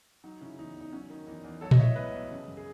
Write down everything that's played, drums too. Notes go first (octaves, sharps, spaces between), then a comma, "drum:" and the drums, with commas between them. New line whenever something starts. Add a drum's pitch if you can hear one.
F#3 D#4
C#3 C#4 E4
E2 D#4
E2 D#4
F#3 C#4
D#3 D#4
E2 D#4
E2
F#3 A4 C#5
D#5, drum: tom A#2
A2 C#5 E5
B1 B4 D#5
B1
C#3
F#2
G#4